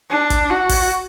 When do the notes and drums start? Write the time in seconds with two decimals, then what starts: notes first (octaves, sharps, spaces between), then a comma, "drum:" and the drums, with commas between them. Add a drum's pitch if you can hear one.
0.10 D4
0.30 drum: kick, hi-hat
0.50 F#4
0.69 drum: kick, open hi-hat